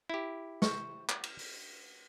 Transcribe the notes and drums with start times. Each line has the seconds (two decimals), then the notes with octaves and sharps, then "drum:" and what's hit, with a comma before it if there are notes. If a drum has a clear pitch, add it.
0.10 E4 G4
0.62 C5 C#6, drum: snare
1.09 drum: clap
1.23 F6, drum: cymbal
1.39 drum: open hi-hat